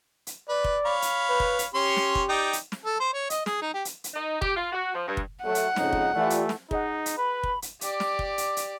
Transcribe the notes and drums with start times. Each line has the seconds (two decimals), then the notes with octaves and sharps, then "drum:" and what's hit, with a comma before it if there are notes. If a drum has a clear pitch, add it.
0.27 drum: hi-hat
0.49 B4 D5
0.64 drum: kick
0.86 C#5 F5 B5
1.02 drum: hi-hat
1.29 B4
1.40 drum: kick
1.59 drum: hi-hat
1.75 C#4 G4 C#5 C6
1.96 drum: snare
2.15 drum: kick
2.29 D#4 D5 G5
2.53 drum: hi-hat
2.72 drum: snare
2.85 A4
3.00 C5
3.13 C#5
3.30 D#5, drum: hi-hat
3.46 G#4, drum: snare
3.62 D#4
3.74 G4
3.85 drum: hi-hat
4.04 drum: hi-hat
4.14 D#4
4.42 G4, drum: kick
4.56 F4
4.73 F#4
4.94 F3
5.08 G2
5.17 drum: kick
5.43 F#3 A3 F#5
5.55 drum: hi-hat
5.76 F2 G#2 C#3 D#4, drum: snare
5.93 drum: kick
6.15 E3 A3 F4 G4 D5
6.30 drum: hi-hat
6.49 drum: snare
6.71 D#4 G#4 D#5 F#5, drum: kick
7.06 drum: hi-hat
7.18 B4 B5
7.43 drum: kick
7.62 drum: hi-hat
7.81 G4 D5, drum: hi-hat
8.00 drum: snare
8.19 drum: kick
8.38 drum: hi-hat
8.57 drum: hi-hat